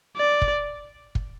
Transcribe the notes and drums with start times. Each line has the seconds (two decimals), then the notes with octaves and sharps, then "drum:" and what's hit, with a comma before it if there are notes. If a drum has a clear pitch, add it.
0.17 D5
0.42 drum: kick
1.15 drum: kick